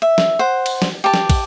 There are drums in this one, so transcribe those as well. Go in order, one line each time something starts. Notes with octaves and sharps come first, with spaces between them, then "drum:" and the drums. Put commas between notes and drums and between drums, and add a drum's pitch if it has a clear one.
E5
drum: snare
C5 F#5
drum: cymbal
drum: snare
G4 A5
drum: snare
drum: kick, cymbal